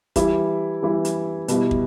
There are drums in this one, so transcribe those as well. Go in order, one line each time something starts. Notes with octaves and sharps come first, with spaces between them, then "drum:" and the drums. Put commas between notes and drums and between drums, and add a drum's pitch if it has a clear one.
E3 G3 E4, drum: kick, hi-hat
E3 G3 E4
drum: hi-hat
B2 G3 E4, drum: hi-hat
drum: kick